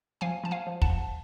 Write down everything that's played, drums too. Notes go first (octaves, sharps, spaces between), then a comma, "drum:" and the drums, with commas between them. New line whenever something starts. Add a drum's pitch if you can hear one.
F3 F5 G#5
F3 A5
F5 G#5
F3
F#5 A5, drum: kick
F3